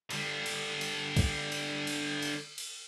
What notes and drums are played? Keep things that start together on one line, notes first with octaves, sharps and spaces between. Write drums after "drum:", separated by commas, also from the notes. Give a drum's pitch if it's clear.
D3 G3, drum: cymbal
drum: cymbal
drum: cymbal
drum: kick, cymbal
drum: cymbal
drum: cymbal
drum: cymbal
drum: cymbal